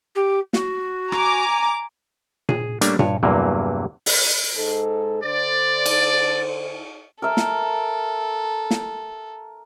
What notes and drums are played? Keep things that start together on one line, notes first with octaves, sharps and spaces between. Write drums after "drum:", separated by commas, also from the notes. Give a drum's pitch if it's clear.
G4
F#4, drum: snare
G#5 A#5 D6, drum: rim click
G#4, drum: tom A#2
G3 A3 A#3 C#4 D4, drum: hi-hat
G2 C#5, drum: tom A#2
E2 G2 C3 E3 F#3 A#3
drum: open hi-hat
G#2 A4
D3 C5 D5
drum: cymbal
A4 A#4 E5
drum: snare
drum: snare